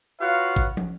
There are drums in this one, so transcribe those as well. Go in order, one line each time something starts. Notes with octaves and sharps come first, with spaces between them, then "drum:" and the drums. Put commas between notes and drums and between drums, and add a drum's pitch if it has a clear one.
F4 F#4 B4 C#5 F5 F#5
drum: kick
drum: tom